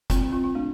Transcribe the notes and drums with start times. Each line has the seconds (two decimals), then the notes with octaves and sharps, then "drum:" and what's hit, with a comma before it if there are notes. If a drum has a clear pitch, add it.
0.10 C4 F4, drum: kick, hi-hat
0.33 C4 F4
0.44 F4
0.55 A3 D4